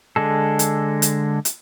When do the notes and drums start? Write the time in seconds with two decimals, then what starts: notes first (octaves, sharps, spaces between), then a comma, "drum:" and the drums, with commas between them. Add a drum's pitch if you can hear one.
0.16 D3 G#3 A4
0.59 drum: hi-hat
1.02 drum: hi-hat
1.45 drum: hi-hat